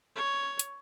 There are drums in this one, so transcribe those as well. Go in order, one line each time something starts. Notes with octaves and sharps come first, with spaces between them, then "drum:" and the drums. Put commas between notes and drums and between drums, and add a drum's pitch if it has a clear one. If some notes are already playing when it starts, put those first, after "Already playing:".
C#5
drum: hi-hat